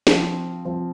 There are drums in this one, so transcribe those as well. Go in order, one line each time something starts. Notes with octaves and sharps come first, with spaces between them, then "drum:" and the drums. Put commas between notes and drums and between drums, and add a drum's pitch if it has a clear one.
F3 C4 F4, drum: snare
F3 C4 F4